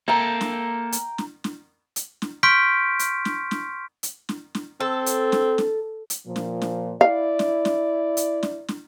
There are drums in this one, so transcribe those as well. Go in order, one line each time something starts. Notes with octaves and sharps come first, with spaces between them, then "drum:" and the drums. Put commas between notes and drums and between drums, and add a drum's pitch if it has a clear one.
A#3 A4 G5 A#5
drum: snare
drum: hi-hat
drum: snare
drum: snare
drum: hi-hat
drum: snare
C6 C#6 F6 G6 B6 D7
drum: hi-hat
drum: snare
drum: snare
drum: hi-hat
drum: snare
drum: snare
C4 A4
drum: hi-hat
drum: snare
drum: snare
drum: hi-hat
A#2 F3
drum: snare
drum: snare
E4 D5 F5
drum: snare
drum: snare
drum: hi-hat
drum: snare
drum: snare